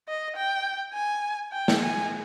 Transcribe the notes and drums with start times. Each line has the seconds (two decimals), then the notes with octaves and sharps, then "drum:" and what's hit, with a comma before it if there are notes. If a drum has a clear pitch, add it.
0.08 D#5
0.36 G5
0.94 G#5
1.52 G5
1.68 drum: snare
1.81 G#5